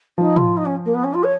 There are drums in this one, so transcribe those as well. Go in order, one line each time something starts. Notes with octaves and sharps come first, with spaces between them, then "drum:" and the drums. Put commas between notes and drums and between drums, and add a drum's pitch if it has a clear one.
F3 D#4
F4, drum: tom
D#4
C#4
A#3
B3
C#4
F4
C#5